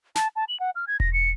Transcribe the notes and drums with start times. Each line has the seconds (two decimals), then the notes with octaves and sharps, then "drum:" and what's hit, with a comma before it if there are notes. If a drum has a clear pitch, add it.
0.15 A5, drum: snare
0.36 A5
0.49 F#7
0.60 F#5
0.76 F6
0.88 G#6
1.00 A#6, drum: kick E1
1.13 C#7